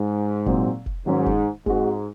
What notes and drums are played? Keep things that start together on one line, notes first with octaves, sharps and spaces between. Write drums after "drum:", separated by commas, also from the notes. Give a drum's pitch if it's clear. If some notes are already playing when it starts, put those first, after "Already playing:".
Already playing: G#2
A#2 F#3 C4, drum: kick F1
drum: kick F1
G#2 D#3 F#3 C#4
drum: kick F1
G#2 G#3 C4 F#4, drum: kick F1